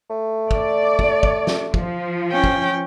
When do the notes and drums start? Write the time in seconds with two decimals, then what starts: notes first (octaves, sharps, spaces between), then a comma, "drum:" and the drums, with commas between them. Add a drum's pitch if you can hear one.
0.10 A3
0.51 D5, drum: kick
0.99 drum: kick
1.23 drum: kick
1.47 drum: snare
1.74 F3, drum: kick
2.32 C#4 G5
2.44 drum: kick